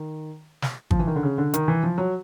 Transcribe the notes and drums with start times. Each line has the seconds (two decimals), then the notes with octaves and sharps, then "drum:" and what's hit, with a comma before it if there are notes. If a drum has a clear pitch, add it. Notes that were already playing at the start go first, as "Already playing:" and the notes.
Already playing: D#3
0.62 drum: snare
0.91 F3, drum: kick
0.99 E3
1.07 D#3
1.16 D3
1.23 C#3
1.38 D3
1.54 D#3, drum: hi-hat
1.68 E3
1.83 F3
1.98 F#3